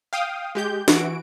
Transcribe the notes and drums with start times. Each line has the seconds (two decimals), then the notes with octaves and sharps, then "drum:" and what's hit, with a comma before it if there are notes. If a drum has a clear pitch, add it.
0.13 F5 G5 D#6
0.55 G#3 G4 G6
0.88 E3 F#4 D7, drum: snare